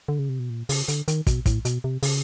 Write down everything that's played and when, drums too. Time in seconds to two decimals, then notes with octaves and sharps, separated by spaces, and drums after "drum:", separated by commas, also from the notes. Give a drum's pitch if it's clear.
0.08 D3
0.19 C#3
0.29 C3
0.39 B2
0.50 A#2
0.69 C#3, drum: open hi-hat
0.88 D3, drum: hi-hat
1.08 D#3, drum: hi-hat
1.27 B2, drum: kick, hi-hat
1.46 A2, drum: kick, hi-hat
1.65 B2, drum: hi-hat
1.84 C3
2.03 C#3, drum: open hi-hat